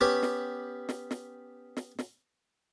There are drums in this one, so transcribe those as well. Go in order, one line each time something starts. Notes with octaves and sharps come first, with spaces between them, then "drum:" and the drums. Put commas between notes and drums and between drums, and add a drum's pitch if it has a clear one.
B3 C#4 G4 B4
drum: snare
drum: snare
drum: snare
drum: snare
drum: snare